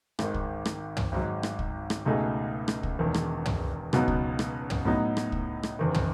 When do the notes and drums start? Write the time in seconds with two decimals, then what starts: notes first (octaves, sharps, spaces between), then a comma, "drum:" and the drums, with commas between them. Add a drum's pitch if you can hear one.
0.19 G#1 G#2 D#3, drum: rim click
0.34 drum: kick
0.65 drum: rim click
0.97 drum: tom
1.12 G#1 G#2 F#3
1.43 drum: rim click
1.59 drum: kick
1.90 drum: rim click
2.06 C#2 B2 A3 D#4 G#4
2.68 drum: rim click
2.83 drum: kick
2.99 E1 E2 D#3
3.14 drum: rim click
3.46 drum: tom
3.93 C#2 B2 F#3 B3 D#4, drum: rim click
4.08 drum: kick
4.39 drum: rim click
4.70 drum: tom
4.85 A2 F#3 B3 D#4
5.17 drum: rim click
5.32 drum: kick
5.63 drum: rim click
5.79 F#1 E2 D#3
5.94 drum: tom